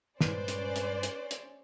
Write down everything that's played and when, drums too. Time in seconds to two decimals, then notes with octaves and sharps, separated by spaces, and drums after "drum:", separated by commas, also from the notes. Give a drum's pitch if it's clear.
0.21 G2 A#2 G#3 C#4 B4 C5 D5, drum: snare
0.48 drum: hi-hat
0.76 drum: hi-hat
1.03 drum: hi-hat
1.31 drum: hi-hat